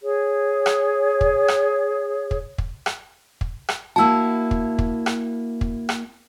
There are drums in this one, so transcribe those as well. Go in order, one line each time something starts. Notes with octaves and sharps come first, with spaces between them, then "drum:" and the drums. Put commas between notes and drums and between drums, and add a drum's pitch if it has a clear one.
G#4 C#5
drum: rim click
drum: kick
drum: rim click
drum: kick
drum: kick
drum: rim click
drum: kick
drum: rim click
A#3 E4 F#4 A5 E6
drum: kick
drum: kick
drum: rim click
drum: kick
drum: rim click